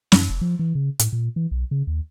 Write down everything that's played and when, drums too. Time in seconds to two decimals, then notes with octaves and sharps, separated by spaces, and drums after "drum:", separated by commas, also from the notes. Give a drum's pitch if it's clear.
0.12 F#2, drum: snare
0.30 F1
0.41 F3
0.59 E3
0.75 C#3
0.99 A2, drum: hi-hat
1.13 A#2
1.36 E3
1.51 B1
1.71 C#3
1.87 D#2